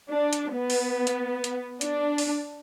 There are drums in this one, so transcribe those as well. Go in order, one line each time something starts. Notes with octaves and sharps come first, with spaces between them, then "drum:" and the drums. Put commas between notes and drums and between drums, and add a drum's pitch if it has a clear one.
D4
drum: hi-hat
B3
drum: open hi-hat
drum: hi-hat
drum: hi-hat
D4, drum: hi-hat
drum: open hi-hat